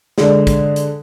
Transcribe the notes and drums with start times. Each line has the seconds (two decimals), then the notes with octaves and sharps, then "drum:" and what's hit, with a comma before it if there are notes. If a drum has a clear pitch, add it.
0.18 D3 G#3, drum: snare
0.47 drum: kick, hi-hat
0.76 drum: hi-hat